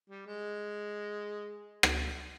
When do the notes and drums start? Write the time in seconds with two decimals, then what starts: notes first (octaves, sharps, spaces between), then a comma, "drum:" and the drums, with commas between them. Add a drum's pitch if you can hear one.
0.10 G3
0.26 G#3
1.83 drum: rim click